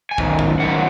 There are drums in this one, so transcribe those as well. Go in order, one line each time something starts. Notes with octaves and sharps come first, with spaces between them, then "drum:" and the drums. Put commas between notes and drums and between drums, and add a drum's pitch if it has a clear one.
G#5
F#2 D#3, drum: kick
drum: kick
F#2 D#3 F#3 F#5